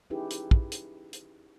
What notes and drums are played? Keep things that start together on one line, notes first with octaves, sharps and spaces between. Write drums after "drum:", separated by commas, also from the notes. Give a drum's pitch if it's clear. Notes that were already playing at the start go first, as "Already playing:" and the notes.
C#4 D#4 E4 G4 G#4 B4
drum: hi-hat
drum: kick
drum: hi-hat
drum: hi-hat